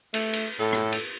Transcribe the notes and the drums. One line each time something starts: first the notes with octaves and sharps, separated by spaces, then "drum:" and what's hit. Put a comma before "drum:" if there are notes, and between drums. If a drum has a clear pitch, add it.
A3, drum: cymbal
drum: cymbal
A2 A4
drum: rim click
drum: cymbal